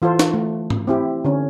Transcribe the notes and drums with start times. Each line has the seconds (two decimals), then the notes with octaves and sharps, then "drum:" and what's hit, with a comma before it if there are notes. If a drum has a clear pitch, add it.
0.02 E3 F4 A4 C5
0.19 drum: snare
0.34 A3
0.70 drum: tom G#2
0.87 C4 E4 G4
1.25 D3 C#4